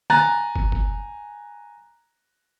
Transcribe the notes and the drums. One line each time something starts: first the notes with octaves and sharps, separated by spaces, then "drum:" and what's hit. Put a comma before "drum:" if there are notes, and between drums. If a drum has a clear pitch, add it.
G#5 A#5 F#6 A6, drum: snare
drum: kick
drum: kick